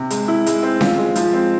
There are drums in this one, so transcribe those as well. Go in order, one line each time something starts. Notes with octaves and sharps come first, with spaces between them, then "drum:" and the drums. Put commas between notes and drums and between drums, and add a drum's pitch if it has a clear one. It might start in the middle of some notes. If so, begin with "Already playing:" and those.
Already playing: C3
G#3, drum: hi-hat
E4
G#3, drum: hi-hat
C4
F4, drum: snare C#4
G#3
F3, drum: hi-hat
C4